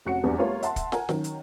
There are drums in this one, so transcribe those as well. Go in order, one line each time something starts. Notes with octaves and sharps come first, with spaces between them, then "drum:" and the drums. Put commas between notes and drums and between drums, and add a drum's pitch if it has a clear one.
F1 C#4 F#4 F#5 C#7
F1 E2 G3 B3 D4 F#4
G3 A3 B3 F4 A#4 C#5
E5 F#5 A5 C6, drum: hi-hat
drum: kick, hi-hat
A#4 F#5 G#5, drum: snare
D#3 F#3 C#4, drum: snare
drum: hi-hat